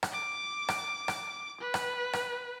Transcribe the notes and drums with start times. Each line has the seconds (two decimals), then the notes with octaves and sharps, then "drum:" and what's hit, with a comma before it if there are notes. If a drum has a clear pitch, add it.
0.03 drum: rim click
0.12 D6
0.69 drum: rim click
1.08 drum: rim click
1.61 B4
1.74 drum: rim click
2.13 drum: rim click